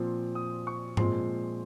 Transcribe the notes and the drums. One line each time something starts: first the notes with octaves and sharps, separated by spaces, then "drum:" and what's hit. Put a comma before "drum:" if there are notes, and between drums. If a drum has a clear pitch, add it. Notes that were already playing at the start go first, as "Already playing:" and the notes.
Already playing: A#2 F3 C4
D#6
C#6
A#2 F3 G#3 C4 C6, drum: tom G#2